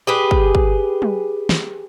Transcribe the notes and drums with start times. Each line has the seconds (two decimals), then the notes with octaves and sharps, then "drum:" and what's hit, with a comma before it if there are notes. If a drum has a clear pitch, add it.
0.07 G4 G#4 B4
0.31 drum: kick
0.55 drum: kick
1.02 drum: tom
1.49 drum: snare